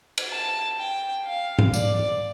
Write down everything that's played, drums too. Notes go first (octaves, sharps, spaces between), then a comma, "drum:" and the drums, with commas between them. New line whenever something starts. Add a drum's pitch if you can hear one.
drum: cymbal
A5
G5
F5
drum: tom G#2
D5, drum: tambourine